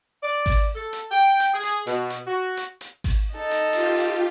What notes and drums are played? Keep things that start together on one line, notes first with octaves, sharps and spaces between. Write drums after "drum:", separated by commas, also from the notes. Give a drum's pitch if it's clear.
D5
drum: kick G#1, open hi-hat
A4
drum: hi-hat
G5
drum: hi-hat
G#4
drum: hi-hat
B2, drum: hi-hat
drum: hi-hat
F#4
drum: hi-hat
drum: hi-hat
drum: kick G#1, open hi-hat
D#4 A4 D#5
drum: hi-hat
F4 G4, drum: hi-hat
drum: hi-hat